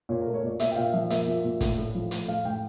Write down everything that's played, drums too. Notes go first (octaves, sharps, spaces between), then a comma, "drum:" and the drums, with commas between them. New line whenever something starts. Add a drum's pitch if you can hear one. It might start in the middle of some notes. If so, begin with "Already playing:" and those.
A#2 C#5
A3 A#4
C#5
A#2 D5
A#2 E5, drum: hi-hat
G5
A#2 F5
F3 E5
A#3 E5, drum: hi-hat
A#2
A#2
A2, drum: kick, hi-hat
A2
F3
A3, drum: hi-hat
A2 F5
A2 G5